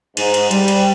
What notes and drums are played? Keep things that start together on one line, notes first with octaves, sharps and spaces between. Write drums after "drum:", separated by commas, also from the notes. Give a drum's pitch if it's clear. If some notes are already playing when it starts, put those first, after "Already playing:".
G#2, drum: cymbal
drum: cymbal
G3, drum: cymbal
drum: cymbal